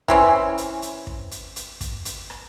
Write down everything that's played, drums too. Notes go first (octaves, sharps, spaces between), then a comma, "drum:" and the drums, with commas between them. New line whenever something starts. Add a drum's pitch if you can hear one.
E3 C4 C#4, drum: kick
drum: hi-hat
drum: hi-hat
drum: kick
drum: hi-hat
drum: hi-hat
drum: kick, hi-hat
drum: hi-hat
drum: rim click